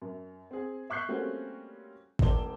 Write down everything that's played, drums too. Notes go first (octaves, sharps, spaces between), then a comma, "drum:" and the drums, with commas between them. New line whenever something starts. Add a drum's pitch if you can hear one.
F#2
C4 G#4
E5 C#6 F#6 G6 C7
G3 A3 A#3 C4 C#4 F#4
D#1 A2 C5 D5 G7, drum: kick